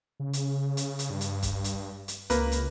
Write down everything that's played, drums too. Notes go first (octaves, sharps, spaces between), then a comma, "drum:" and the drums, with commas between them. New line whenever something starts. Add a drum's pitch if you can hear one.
C#3
drum: hi-hat
drum: hi-hat
drum: hi-hat
G2
drum: hi-hat
drum: kick, hi-hat
drum: hi-hat
drum: hi-hat
C#2 A#3 B4, drum: hi-hat
drum: hi-hat